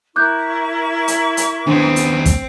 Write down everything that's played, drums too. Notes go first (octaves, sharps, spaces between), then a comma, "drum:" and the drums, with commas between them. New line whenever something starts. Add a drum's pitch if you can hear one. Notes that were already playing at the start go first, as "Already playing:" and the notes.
E4 A#4 C#6 D6 F#6 G6
drum: hi-hat
drum: hi-hat
D#2 B3 C4 D4
drum: hi-hat
drum: kick, hi-hat